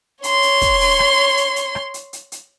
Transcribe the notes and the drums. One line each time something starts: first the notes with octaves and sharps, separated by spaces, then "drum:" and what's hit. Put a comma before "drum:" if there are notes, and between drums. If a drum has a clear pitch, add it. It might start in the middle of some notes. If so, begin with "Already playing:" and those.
C#5 C6, drum: hi-hat
drum: hi-hat
drum: kick, hi-hat
drum: open hi-hat
drum: rim click
drum: hi-hat
drum: hi-hat
drum: rim click
drum: hi-hat
drum: hi-hat
drum: hi-hat